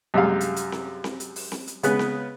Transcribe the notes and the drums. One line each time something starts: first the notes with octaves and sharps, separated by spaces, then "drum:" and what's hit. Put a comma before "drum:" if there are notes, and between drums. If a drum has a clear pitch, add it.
F#2 C3 G3 G#3 F5
drum: hi-hat
drum: hi-hat
drum: snare C4
drum: snare C4
drum: hi-hat
drum: open hi-hat
drum: snare C4
drum: hi-hat
C#3 G#3 B3 B4 F#6, drum: hi-hat
drum: snare C4